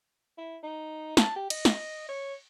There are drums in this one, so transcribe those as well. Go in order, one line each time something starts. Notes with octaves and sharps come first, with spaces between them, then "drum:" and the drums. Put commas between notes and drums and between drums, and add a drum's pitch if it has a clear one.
E4
D#4
A5, drum: snare
G4
D#5, drum: cymbal
drum: snare
C#5